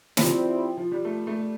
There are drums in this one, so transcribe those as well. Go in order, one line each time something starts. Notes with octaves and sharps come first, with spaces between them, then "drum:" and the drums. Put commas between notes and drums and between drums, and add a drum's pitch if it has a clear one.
F3 G3 C4 E4, drum: snare
F3
G3
A3
A3